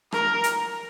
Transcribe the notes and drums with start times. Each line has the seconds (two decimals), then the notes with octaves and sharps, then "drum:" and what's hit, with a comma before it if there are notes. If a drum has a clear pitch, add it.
0.12 A#4, drum: rim click
0.44 drum: hi-hat